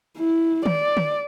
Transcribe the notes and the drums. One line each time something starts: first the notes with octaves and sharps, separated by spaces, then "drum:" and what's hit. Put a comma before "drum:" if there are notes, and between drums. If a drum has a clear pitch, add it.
E4
D5, drum: tom D#3
drum: tom